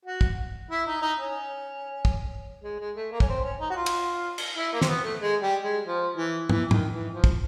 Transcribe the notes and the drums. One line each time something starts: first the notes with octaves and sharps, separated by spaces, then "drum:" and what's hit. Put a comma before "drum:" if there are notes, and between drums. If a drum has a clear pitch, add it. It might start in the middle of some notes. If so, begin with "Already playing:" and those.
F#4
drum: kick
E4
D#4
D#4
C#4
drum: kick
G#3
G#3
A3
A#3
C#4, drum: kick
C4
C#4
D#4
F#4
F4
drum: cymbal
drum: cymbal
E4
A#3
C4, drum: snare
B3
A3
G#3
G3
G#3
F3
E3
E3, drum: tom
D#3, drum: tom G#2
E3
F3
drum: kick